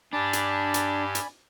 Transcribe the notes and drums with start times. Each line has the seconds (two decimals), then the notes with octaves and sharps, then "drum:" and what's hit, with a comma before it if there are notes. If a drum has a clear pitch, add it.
0.13 G2 D4 G4 D5 G#5 A5 B5
0.33 drum: hi-hat
0.74 drum: hi-hat
1.15 drum: hi-hat